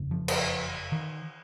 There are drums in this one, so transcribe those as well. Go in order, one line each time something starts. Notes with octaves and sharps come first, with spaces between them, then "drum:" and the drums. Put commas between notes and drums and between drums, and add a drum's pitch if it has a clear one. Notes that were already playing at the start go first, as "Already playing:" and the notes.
Already playing: F#1 F2 C#3
F3
drum: cymbal
D#3